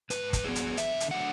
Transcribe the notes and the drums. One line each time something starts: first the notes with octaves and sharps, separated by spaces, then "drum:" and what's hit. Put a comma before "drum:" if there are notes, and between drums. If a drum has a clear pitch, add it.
G#2 B4, drum: hi-hat
drum: kick, hi-hat
F#3 B3 G#4
drum: hi-hat
D3 E5, drum: hi-hat
drum: hi-hat
F#3 A3 D4 F#5